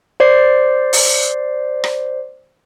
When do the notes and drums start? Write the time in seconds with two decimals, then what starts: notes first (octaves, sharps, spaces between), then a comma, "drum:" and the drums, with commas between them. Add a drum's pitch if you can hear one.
0.20 C5 D5 C7
0.93 drum: open hi-hat
1.84 drum: rim click